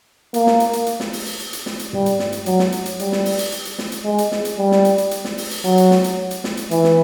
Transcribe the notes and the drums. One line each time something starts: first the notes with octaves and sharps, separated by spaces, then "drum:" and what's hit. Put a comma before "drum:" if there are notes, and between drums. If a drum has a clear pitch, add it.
A#3, drum: hi-hat
drum: snare
drum: hi-hat
drum: hi-hat
drum: hi-hat
drum: snare
drum: open hi-hat
drum: hi-hat
drum: hi-hat
drum: hi-hat
drum: snare
drum: hi-hat
G3, drum: tom
drum: hi-hat
drum: snare
drum: hi-hat
F#3, drum: hi-hat
drum: snare
drum: hi-hat
drum: hi-hat
G3, drum: hi-hat
drum: snare
drum: open hi-hat
drum: hi-hat
drum: hi-hat
drum: hi-hat
drum: snare
drum: hi-hat
G#3
drum: hi-hat
drum: snare
drum: hi-hat
G3
drum: snare
drum: hi-hat
drum: hi-hat
drum: hi-hat
drum: snare
drum: open hi-hat
drum: hi-hat
F#3, drum: hi-hat
drum: hi-hat
drum: snare
drum: hi-hat
drum: hi-hat
drum: snare
drum: hi-hat
E3, drum: hi-hat
drum: snare